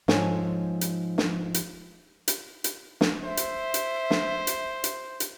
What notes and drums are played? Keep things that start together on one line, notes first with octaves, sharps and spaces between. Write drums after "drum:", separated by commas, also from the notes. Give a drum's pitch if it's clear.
G#2 F3 A4 C5 C#5 G#5, drum: snare
drum: hi-hat
drum: snare
drum: hi-hat
drum: hi-hat
drum: hi-hat
drum: snare
C5 E5
drum: hi-hat
drum: hi-hat
drum: snare
drum: hi-hat
drum: hi-hat
drum: hi-hat